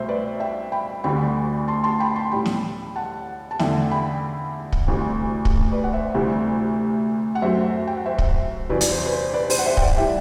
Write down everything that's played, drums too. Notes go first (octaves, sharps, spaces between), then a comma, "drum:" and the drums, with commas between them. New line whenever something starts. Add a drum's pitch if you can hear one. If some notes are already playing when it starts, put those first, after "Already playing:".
Already playing: C2 B2 A3 C5 E5
B4 D5
E5 G5
G5 B5
D2 D3 G3 G5 B5
A5 C6
A5 C6
G5 B5
A5 C6
A2 G3 G5 B5
drum: snare
F#5 A5
A5
E2 D3 A3 E5 G5, drum: snare
G5 B5
drum: kick
D2 C3 E3 G3
drum: kick
B4 D5
F#5
C5 E5
D2 C3 E3 G3
F#5
F#2 F#3 A3 C5 E5
G5
F#5
C5 E5
drum: kick
E2 C3 F#3 B4 D5
D5, drum: hi-hat
C5
B4
C5
B4 D5
C5, drum: open hi-hat
F#5
C5 E5
G5, drum: kick
D5 F#5
E3 G3 E5 G5